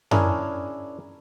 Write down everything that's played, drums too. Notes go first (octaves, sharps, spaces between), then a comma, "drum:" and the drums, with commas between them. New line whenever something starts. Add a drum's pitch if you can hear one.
C#4 D4 E4 G#4 A#4, drum: tom F#2